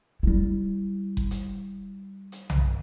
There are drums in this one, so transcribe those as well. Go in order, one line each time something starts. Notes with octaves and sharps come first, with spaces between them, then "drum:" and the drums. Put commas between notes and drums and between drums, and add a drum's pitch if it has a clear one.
G3 E4
drum: kick F#1
drum: hi-hat
drum: hi-hat
drum: tom B1